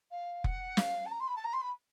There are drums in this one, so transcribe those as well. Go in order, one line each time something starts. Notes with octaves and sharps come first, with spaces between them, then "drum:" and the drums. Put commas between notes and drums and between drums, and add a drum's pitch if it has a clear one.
F5
F#5, drum: kick F1
F5, drum: snare
A5
A#5
C6
B5
A5
A#5
C6
B5